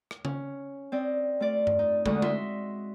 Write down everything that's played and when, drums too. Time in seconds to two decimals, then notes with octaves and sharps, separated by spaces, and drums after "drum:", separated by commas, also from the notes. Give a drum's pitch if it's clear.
0.11 drum: rim click
0.25 C#4, drum: tom C#3
0.92 C4 D5 D#5
1.40 A3 F4 D5
1.67 drum: tom G2
1.79 D#4
2.06 D2 D3 G#3 F#4 D#6, drum: kick
2.22 D#5 E5 C6, drum: tom G#3